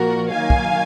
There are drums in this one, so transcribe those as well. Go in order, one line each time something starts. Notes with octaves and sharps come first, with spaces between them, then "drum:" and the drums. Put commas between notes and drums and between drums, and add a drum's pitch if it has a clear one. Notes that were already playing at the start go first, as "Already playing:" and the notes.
Already playing: A#2 F3 A#3 F#4 A#4
D#3 F#3 A#3 F5 G#5
drum: kick